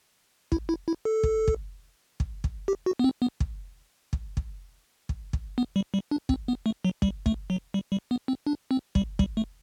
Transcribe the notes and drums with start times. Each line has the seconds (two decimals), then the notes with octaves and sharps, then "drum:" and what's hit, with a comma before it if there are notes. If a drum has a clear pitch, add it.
0.52 E4, drum: kick
0.69 E4
0.88 E4
1.05 A4
1.23 drum: kick
1.48 drum: kick
2.20 drum: kick
2.44 drum: kick
2.68 G4
2.86 F#4
2.99 B3
3.04 C4
3.22 B3
3.40 drum: kick
4.13 drum: kick
4.37 drum: kick
5.09 drum: kick
5.33 drum: kick
5.58 B3
5.76 G3
5.94 G3
6.11 D4
6.29 C4, drum: kick
6.48 B3
6.66 A3
6.85 F#3
7.02 G3, drum: kick
7.26 A3, drum: kick
7.50 F#3
7.74 G3
7.92 G3
8.11 B3
8.28 C4
8.47 D4
8.71 C4
8.95 G3, drum: kick
9.19 G3, drum: kick
9.37 A3